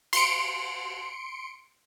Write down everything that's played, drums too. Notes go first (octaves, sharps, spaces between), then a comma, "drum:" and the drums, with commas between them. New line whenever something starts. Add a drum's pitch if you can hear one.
C6 C#7 D7, drum: cymbal